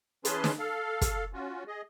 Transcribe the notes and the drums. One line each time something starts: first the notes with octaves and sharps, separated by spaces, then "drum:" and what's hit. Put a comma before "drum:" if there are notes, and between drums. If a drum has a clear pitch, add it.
E3 C#4 G#4 B4 A5 C6, drum: hi-hat
drum: snare
A4 F5
drum: kick, hi-hat
C#4 F4 F#4
G#4 D#5